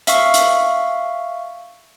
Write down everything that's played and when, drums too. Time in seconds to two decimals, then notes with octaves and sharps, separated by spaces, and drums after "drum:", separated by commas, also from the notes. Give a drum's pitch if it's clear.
0.07 E5 F5 C#6, drum: hi-hat
0.34 drum: hi-hat